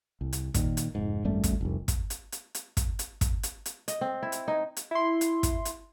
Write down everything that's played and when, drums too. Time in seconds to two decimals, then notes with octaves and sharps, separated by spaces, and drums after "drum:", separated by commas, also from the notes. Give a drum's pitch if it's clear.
0.21 C2
0.33 drum: hi-hat
0.54 A#2 D#3, drum: kick, hi-hat
0.77 drum: hi-hat
0.95 F1 G#2
1.24 G#1 F#2 G3 A3
1.44 drum: kick, hi-hat
1.61 F1 C2
1.88 drum: kick, hi-hat
2.10 drum: hi-hat
2.32 drum: hi-hat
2.55 drum: hi-hat
2.77 drum: kick, hi-hat
2.99 drum: hi-hat
3.21 drum: kick, hi-hat
3.43 drum: hi-hat
3.66 drum: hi-hat
3.88 D#5, drum: hi-hat
4.01 C4
4.23 E4
4.32 drum: hi-hat
4.48 D#4
4.77 drum: hi-hat
4.91 E4 C6
5.21 drum: hi-hat
5.43 drum: kick, hi-hat
5.65 drum: hi-hat